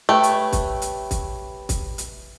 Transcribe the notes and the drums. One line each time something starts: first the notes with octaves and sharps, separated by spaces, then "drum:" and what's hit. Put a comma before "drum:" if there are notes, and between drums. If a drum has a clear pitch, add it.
A3 G4 B4 C#5
drum: hi-hat
drum: kick, hi-hat
drum: hi-hat
drum: kick, hi-hat
drum: kick, hi-hat
drum: hi-hat